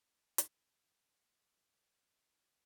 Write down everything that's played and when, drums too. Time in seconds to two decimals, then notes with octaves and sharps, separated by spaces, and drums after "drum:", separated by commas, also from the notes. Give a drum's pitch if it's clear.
0.38 drum: hi-hat
1.45 F#4 F5